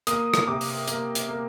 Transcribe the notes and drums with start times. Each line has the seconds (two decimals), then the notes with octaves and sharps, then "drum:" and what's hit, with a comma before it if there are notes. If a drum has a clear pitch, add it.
0.07 A#3 D#6, drum: hi-hat
0.34 drum: rim click
0.47 C3 D6
0.61 drum: open hi-hat
0.87 A#3, drum: hi-hat
1.15 drum: hi-hat
1.29 A#3